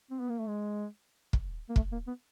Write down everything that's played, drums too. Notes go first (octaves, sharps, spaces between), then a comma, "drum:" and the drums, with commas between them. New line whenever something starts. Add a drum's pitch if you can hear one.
C4
B3
A#3
A3
G#3
drum: kick
A#3
A3, drum: kick
A#3
B3